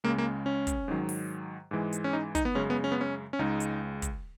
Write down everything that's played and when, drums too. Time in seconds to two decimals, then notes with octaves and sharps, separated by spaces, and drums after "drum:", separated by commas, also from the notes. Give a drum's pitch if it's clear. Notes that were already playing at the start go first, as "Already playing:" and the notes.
0.04 C#2 C#3 G#3 A#3
0.18 A#3
0.46 C#4
0.67 drum: kick, hi-hat
0.88 G#2 D#3 F#3
1.09 drum: open hi-hat
1.71 G#2 E3 G#3
1.93 drum: hi-hat
2.04 C#4
2.13 D#4
2.35 D#4, drum: kick, hi-hat
2.45 B3
2.55 F#2 C#3 G#3 C#4
2.70 B3
2.84 C#4
2.92 B3
3.01 C#4
3.33 C#4
3.39 C#2 C#3 G#3 D#4
3.60 drum: hi-hat
4.02 drum: kick, hi-hat